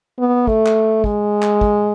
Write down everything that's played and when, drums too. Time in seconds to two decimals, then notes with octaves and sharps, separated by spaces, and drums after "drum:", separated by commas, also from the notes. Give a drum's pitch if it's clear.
0.19 B3
0.47 A3, drum: kick
0.66 drum: clap
1.04 G#3, drum: kick
1.42 drum: clap
1.61 drum: kick